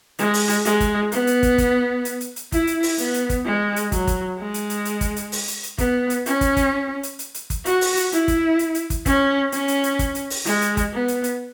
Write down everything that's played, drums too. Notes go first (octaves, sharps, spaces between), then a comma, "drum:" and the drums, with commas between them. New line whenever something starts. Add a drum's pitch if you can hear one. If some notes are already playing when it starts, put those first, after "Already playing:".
G#3, drum: hi-hat
drum: open hi-hat
drum: hi-hat
G#3, drum: hi-hat
drum: kick, hi-hat
B3, drum: hi-hat
drum: hi-hat
drum: kick, hi-hat
drum: kick, hi-hat
drum: hi-hat
drum: hi-hat
drum: hi-hat
E4, drum: kick, hi-hat
drum: hi-hat
drum: open hi-hat
B3, drum: hi-hat
drum: hi-hat
drum: kick, hi-hat
G#3
drum: hi-hat
F#3, drum: kick, hi-hat
drum: kick, hi-hat
G#3
drum: hi-hat
drum: hi-hat
drum: hi-hat
drum: kick, hi-hat
drum: hi-hat
drum: open hi-hat
drum: hi-hat
drum: hi-hat
B3, drum: kick, hi-hat
drum: hi-hat
C#4, drum: hi-hat
drum: kick, hi-hat
drum: kick, hi-hat
drum: hi-hat
drum: hi-hat
drum: hi-hat
drum: kick, hi-hat
F#4, drum: hi-hat
drum: open hi-hat
drum: hi-hat
E4, drum: hi-hat
drum: kick, hi-hat
drum: hi-hat
drum: hi-hat
drum: kick, hi-hat
C#4, drum: kick, hi-hat
C#4, drum: hi-hat
drum: hi-hat
drum: hi-hat
drum: kick, hi-hat
drum: hi-hat
drum: open hi-hat
G#3, drum: hi-hat
drum: hi-hat
drum: kick, hi-hat
B3
drum: hi-hat
drum: hi-hat